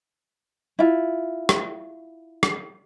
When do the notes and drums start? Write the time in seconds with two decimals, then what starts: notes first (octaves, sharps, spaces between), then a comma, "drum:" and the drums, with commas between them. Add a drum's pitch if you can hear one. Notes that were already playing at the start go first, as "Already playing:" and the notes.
0.79 E4 F4
1.49 drum: rim click
2.43 drum: rim click